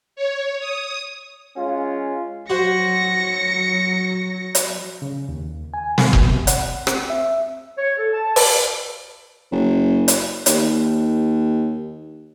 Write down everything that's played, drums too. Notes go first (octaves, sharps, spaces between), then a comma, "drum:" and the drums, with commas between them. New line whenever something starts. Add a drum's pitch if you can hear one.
C#5
D#6
G#3 C#4 F4
F#3 F#4 C5 A#6 C#7
drum: hi-hat
C#3
D#2
G#5
D#3, drum: snare
B2, drum: kick F#1
C3
F#5, drum: hi-hat
C4, drum: rim click
E5
C#5
A4
A5
D5, drum: open hi-hat
F#1
drum: hi-hat
D#2, drum: hi-hat